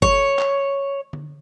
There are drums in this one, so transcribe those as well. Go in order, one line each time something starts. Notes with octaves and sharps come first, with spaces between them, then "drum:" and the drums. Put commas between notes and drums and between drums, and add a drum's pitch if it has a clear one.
C#5, drum: kick G1
drum: clap
drum: tom D3